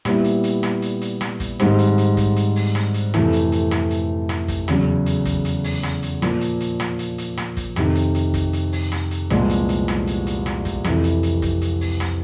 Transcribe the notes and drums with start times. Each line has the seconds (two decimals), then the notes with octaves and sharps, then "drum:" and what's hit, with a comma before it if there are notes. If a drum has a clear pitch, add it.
0.05 A#2 G3 B3 E4, drum: rim click
0.24 drum: hi-hat
0.44 drum: hi-hat
0.63 drum: rim click
0.82 drum: hi-hat
1.01 drum: hi-hat
1.21 drum: rim click
1.40 drum: kick, hi-hat
1.60 G#2 D#3 G3 C4, drum: rim click
1.79 drum: hi-hat
1.98 drum: hi-hat
2.17 drum: kick, hi-hat
2.36 drum: hi-hat
2.56 drum: open hi-hat
2.75 drum: rim click
2.94 drum: hi-hat
3.14 F2 C3 E3 A3, drum: rim click
3.33 drum: hi-hat
3.52 drum: hi-hat
3.71 drum: rim click
3.91 drum: hi-hat
4.29 drum: rim click
4.48 drum: kick, hi-hat
4.68 E2 C#3 F#3, drum: rim click
5.06 drum: hi-hat
5.25 drum: kick, hi-hat
5.45 drum: hi-hat
5.64 drum: open hi-hat
5.83 drum: rim click
6.03 drum: hi-hat
6.22 A#2 F3 A#3, drum: rim click
6.41 drum: hi-hat
6.60 drum: hi-hat
6.80 drum: rim click
6.99 drum: hi-hat
7.18 drum: hi-hat
7.37 drum: rim click
7.57 drum: kick, hi-hat
7.76 F2 C3 D#3, drum: rim click
7.95 drum: hi-hat
8.15 drum: hi-hat
8.34 drum: kick, hi-hat
8.53 drum: hi-hat
8.72 drum: open hi-hat
8.92 drum: rim click
9.11 drum: hi-hat
9.30 C2 A#2 F3 G#3 B3, drum: rim click
9.49 drum: hi-hat
9.69 drum: hi-hat
9.88 drum: rim click
10.07 drum: hi-hat
10.27 drum: hi-hat
10.46 drum: rim click
10.65 drum: kick, hi-hat
10.84 F2 C3 E3, drum: rim click
11.04 drum: hi-hat
11.23 drum: hi-hat
11.42 drum: kick, hi-hat
11.61 drum: hi-hat
11.81 drum: open hi-hat
12.00 drum: rim click